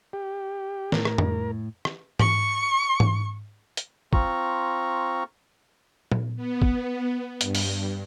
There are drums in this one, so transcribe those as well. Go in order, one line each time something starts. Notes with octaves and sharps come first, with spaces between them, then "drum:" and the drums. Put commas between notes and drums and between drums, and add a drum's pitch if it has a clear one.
G4
A2 A#4, drum: snare
drum: rim click
drum: tom F2
drum: rim click
C#6, drum: tom G#2
drum: tom G#2
drum: hi-hat
C4 F4 A#5 C#6, drum: kick
drum: tom A#2
B3
drum: kick
G2, drum: hi-hat
drum: open hi-hat